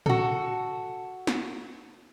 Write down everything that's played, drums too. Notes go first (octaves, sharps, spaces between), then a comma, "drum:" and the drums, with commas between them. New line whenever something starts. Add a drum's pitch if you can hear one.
F#4 A4, drum: tom A2
drum: snare